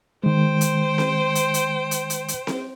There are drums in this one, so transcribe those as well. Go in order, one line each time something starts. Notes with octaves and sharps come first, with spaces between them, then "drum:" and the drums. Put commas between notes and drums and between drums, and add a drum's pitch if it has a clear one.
D#3 G#3 C5 G5
drum: hi-hat
drum: snare C4
drum: hi-hat
drum: hi-hat
drum: hi-hat
drum: hi-hat
drum: hi-hat
drum: snare C4